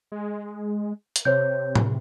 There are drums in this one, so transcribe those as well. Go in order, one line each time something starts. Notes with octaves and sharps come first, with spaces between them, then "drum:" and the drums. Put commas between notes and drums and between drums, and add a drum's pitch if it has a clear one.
G#3
drum: hi-hat
C3 C5 C#5 G6
drum: tom A2